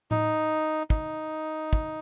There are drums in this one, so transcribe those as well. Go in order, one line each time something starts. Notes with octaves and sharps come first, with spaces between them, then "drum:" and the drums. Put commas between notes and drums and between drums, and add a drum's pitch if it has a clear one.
D#4, drum: tom A2
D#4, drum: kick
drum: kick